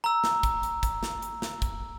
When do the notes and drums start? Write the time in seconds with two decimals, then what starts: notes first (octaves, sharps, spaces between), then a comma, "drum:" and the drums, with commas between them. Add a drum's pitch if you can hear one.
0.04 A#5 E6
0.24 drum: snare
0.43 drum: kick, hi-hat
0.63 drum: hi-hat
0.83 drum: kick, hi-hat
1.03 drum: snare
1.22 drum: hi-hat
1.42 drum: snare
1.62 drum: kick, hi-hat